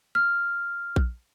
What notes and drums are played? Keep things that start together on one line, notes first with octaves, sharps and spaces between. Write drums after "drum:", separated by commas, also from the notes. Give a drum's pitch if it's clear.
F6
drum: kick A#1